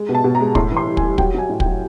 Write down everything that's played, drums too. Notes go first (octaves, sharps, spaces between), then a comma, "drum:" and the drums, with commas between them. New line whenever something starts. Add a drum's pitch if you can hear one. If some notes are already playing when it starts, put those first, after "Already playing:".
Already playing: G#3
B2
A5
B2
A#5
G#3
A2 C6, drum: kick
E3
C6
G3
G#5, drum: kick
G3
F#3 G5, drum: kick
F#3 G#5
A2
G5, drum: kick
F#3